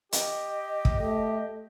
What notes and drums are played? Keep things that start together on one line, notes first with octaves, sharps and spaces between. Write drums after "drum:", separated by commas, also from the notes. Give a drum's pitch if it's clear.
G4 D#5, drum: hi-hat
drum: kick
A3 G4